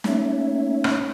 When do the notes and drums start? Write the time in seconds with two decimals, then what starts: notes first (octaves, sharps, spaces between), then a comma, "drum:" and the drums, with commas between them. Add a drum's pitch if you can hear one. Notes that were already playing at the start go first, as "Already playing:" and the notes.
0.04 A3 A#3 C#4 D#4 C#5 E5, drum: snare
0.84 drum: rim click